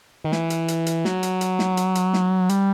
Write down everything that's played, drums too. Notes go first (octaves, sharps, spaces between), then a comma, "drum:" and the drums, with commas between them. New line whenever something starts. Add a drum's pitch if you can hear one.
D#3
E3, drum: snare
drum: hi-hat
drum: hi-hat
drum: hi-hat
F#3, drum: snare
drum: hi-hat
drum: hi-hat
drum: snare
drum: hi-hat
drum: hi-hat
drum: snare
G3, drum: hi-hat